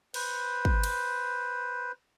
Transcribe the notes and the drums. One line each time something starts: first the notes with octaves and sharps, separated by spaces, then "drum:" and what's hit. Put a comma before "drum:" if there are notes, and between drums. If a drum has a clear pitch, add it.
B4 C5, drum: cymbal
drum: kick
drum: cymbal